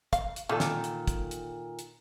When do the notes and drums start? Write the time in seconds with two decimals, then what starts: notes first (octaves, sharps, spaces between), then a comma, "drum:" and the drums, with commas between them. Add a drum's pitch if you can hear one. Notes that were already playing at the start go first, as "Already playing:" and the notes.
0.13 F5, drum: kick, hi-hat
0.36 drum: hi-hat
0.49 A#2 D#3 E3 A4
0.60 drum: snare
0.84 drum: hi-hat
1.08 drum: kick, hi-hat
1.31 drum: hi-hat
1.79 drum: hi-hat